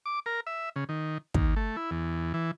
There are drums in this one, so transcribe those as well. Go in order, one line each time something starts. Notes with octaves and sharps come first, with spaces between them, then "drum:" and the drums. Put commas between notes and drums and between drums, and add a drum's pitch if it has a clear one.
D6
A#4
E5
C#3
D#3
D#2, drum: kick
A3
E4
E2
E3